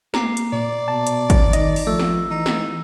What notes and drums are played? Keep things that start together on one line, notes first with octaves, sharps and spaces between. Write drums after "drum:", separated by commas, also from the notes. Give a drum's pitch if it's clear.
A#3 A#5 D6 C7, drum: snare
drum: hi-hat
A#2 D5
B2 A5
drum: hi-hat
drum: kick, hi-hat
D#3 D#5 A#6, drum: hi-hat
drum: open hi-hat
F3 A3 E6
drum: snare
E3 D#4
drum: snare